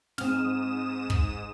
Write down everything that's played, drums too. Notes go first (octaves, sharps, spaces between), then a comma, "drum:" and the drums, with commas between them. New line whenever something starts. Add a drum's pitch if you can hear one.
G#2 C4 D#6 F6 E7, drum: snare
drum: kick